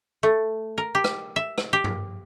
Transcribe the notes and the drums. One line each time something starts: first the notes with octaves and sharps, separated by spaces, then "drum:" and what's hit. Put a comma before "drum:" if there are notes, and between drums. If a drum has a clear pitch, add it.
A3
A#4
G4
drum: rim click
E5
drum: rim click
G4
drum: tom G2